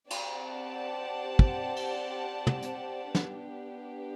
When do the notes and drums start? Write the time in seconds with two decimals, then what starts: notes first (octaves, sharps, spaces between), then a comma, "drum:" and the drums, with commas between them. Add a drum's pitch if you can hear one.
0.10 C4 G4 D5 F#5 A5, drum: cymbal
1.39 drum: kick
1.76 drum: cymbal
2.47 drum: tom
2.62 drum: hi-hat
3.15 B3 D4 G4, drum: snare